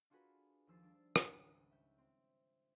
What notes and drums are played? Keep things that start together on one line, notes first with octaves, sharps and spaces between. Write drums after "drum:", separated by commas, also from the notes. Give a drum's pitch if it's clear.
D4 F4 F#4 G#4 A#4 B4
D#2 F3 E6 A6 C7
G3 D4
G#1 C#2, drum: rim click
E5 G6
C4